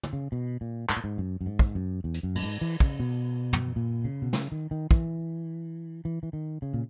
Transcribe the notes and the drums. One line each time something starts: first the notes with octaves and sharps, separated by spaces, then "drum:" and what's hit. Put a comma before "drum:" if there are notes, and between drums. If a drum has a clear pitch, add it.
drum: tom
C#3
B2
A#2
G#2, drum: clap
A#2
G#2
F#2
F#2
G#2
drum: kick
F#2
E2
drum: hi-hat
F#2
A#2, drum: cymbal
G#2
E3
C#3, drum: kick
B2
drum: tom
A#2
C#3
B2
C#3, drum: snare
D#3
D#3
E3, drum: kick
E3
E3
D#3
C#3
A#2